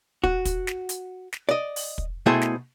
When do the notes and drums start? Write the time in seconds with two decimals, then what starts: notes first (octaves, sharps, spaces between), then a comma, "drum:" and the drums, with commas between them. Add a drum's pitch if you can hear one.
0.24 F#4, drum: kick
0.45 drum: kick, hi-hat
0.67 drum: snare
0.89 drum: hi-hat
1.33 drum: snare
1.49 D5 D#5
1.76 drum: open hi-hat
1.98 drum: kick
2.26 B2 A3 E4 G#4 C5 G5
2.41 drum: snare